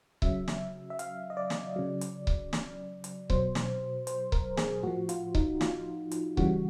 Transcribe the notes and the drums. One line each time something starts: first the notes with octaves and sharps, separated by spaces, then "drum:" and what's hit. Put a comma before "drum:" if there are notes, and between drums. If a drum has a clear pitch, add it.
C#3 F#3 E5, drum: kick C#1
drum: snare
E5
F5, drum: hi-hat
D#5
D5
drum: snare
C#3 F#3
drum: hi-hat
drum: kick C#1
drum: snare
drum: hi-hat
B2 F#3 C5, drum: kick C#1
drum: snare
C5, drum: hi-hat
A#4, drum: kick C#1
G#4, drum: snare
A2 F3 F#4
F4, drum: hi-hat
D#4, drum: kick C#1
F4, drum: snare
drum: hi-hat
C#3 E3 G3 F#4, drum: kick C#1